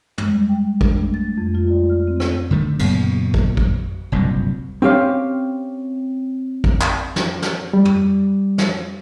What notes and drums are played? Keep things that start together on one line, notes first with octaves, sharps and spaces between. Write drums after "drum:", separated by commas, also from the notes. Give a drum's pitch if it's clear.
G#3, drum: tom
G3
G5
D4, drum: kick
A3
A6
F2
F4
D5
F6
C4
drum: rim click
D3 D#3 A3
F#2 A#2 C#3 B3, drum: cymbal
drum: kick
drum: kick
F#1 C2 G2 A#2
C4 C#4 G4 F5
drum: kick
drum: clap
drum: snare
drum: snare
G3
drum: tom
drum: snare